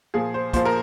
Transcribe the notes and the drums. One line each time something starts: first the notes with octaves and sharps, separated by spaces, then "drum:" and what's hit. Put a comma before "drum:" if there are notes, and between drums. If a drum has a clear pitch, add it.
A#2 F3 G#4
C5
A#2 F3 C5, drum: kick, hi-hat
A#4